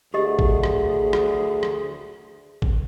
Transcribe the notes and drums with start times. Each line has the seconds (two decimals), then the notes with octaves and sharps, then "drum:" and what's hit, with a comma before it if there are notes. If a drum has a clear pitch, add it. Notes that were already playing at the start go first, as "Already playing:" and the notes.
0.14 D2 G4 G#4 D#5
0.39 drum: kick
0.64 drum: rim click
1.13 drum: rim click
1.63 drum: rim click
2.62 drum: kick